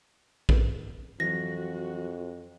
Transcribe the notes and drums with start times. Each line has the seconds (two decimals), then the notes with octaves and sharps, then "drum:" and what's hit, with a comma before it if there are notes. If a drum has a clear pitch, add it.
0.49 drum: kick
1.20 F2 E3 F#3 F#4 A#6